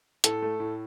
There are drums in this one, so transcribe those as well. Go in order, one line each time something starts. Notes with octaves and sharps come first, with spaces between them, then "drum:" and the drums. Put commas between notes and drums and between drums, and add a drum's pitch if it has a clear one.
A2 A4, drum: hi-hat
A3
A2